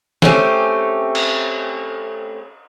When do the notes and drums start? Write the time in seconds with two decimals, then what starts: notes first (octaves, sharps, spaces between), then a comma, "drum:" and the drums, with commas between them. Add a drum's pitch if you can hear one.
0.22 A3 C4 C#4 G4, drum: snare
1.15 drum: cymbal